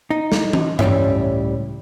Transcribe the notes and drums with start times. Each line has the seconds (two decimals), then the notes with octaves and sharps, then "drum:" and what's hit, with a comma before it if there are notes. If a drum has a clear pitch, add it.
0.10 D#4
0.32 drum: snare
0.53 drum: tom E3
0.79 C#2 A2 G3 C#4 E5, drum: tom G2